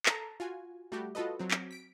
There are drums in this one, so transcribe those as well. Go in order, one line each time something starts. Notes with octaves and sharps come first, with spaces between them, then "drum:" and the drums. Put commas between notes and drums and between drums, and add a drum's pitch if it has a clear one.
A4 A5 A#5, drum: clap
F4 F#4 G#5
G3 A3 F#4 G4
F4 F#4 A4 B4 D#5
F#3 C4
drum: clap
B6 D7